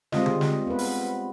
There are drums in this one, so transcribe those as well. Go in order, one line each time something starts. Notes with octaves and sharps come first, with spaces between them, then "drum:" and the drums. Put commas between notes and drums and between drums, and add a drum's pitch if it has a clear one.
G3 G#3 C4 F4 D#5, drum: snare
drum: tom D3
drum: snare
B3 B4
drum: open hi-hat